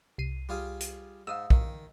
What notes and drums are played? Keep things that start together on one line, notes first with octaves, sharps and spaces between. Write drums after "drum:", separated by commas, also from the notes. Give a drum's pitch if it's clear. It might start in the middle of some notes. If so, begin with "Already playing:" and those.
C2 C7 D#7
G3 F4 G#4
drum: hi-hat
G#2 F5 D#6 E6
D#3, drum: kick